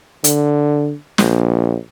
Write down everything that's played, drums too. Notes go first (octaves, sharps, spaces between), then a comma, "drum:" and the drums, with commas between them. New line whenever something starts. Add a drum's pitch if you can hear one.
D3, drum: hi-hat
A#1, drum: snare